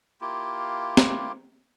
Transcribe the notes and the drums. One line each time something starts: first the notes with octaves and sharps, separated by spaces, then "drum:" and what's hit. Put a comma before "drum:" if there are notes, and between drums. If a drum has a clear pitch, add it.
A#3 E4 F4 G4
drum: snare